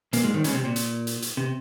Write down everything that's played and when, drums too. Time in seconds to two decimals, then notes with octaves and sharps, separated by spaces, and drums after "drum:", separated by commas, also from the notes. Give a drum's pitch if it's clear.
0.13 A#2 A#3, drum: hi-hat
0.23 G#2 G#3
0.34 D#2 D#3
0.44 C#2 C#3, drum: hi-hat
0.55 C3
0.65 A#2
0.76 drum: hi-hat
1.07 drum: hi-hat
1.22 drum: hi-hat
1.37 C3